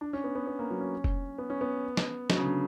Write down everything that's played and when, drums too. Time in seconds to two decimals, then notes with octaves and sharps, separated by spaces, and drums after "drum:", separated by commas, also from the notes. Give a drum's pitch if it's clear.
0.01 D4
0.13 C#4
0.24 B3
0.35 B3
0.47 B3
0.59 A#3
0.71 F#3
0.81 C#4
1.04 drum: kick
1.38 B3
1.50 C#4
1.61 B3
1.97 drum: snare
2.30 F#3, drum: snare
2.37 C#3
2.45 D3